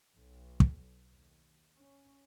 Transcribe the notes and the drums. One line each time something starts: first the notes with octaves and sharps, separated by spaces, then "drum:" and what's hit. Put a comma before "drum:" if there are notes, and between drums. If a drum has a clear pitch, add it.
B1
drum: kick
D#2
C#4